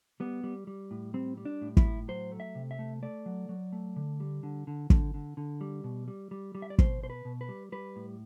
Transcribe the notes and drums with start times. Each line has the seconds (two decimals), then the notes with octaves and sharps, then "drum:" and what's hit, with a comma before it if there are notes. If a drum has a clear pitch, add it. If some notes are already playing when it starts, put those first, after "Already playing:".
0.20 G3 B3
0.44 G3
0.67 G3
0.91 A2
1.14 G3 C4
1.37 G3
1.45 D4
1.61 A2
1.77 E4, drum: kick
1.85 A2
2.08 F#3 C5
2.32 A3
2.40 E5
2.55 C3
2.71 E5
2.79 A3
3.03 A3 D5
3.26 F#3
3.49 F#3
3.72 A3
3.96 D3
4.20 G3
4.43 D3
4.67 D3
4.90 D3, drum: kick
5.14 D3
5.37 D3
5.61 G3
5.84 B2
6.08 G3
6.31 G3
6.55 G3
6.62 E5
6.70 D5
6.78 B2 C5, drum: kick
7.02 B2 C5
7.10 B4
7.25 B2
7.41 B4
7.49 G3
7.72 G3 B4
7.96 A2